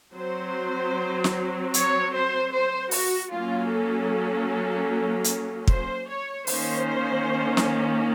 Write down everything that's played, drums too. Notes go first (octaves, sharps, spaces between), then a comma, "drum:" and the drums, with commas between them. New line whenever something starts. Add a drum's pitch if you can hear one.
F#3 C4 C5
drum: snare
C#5, drum: hi-hat
C5
C5
F#4, drum: open hi-hat
F#3 A#3 C#4 F4
A4
drum: hi-hat
C5, drum: kick
C#5
D#3 A#3 C#4 C5, drum: open hi-hat
drum: snare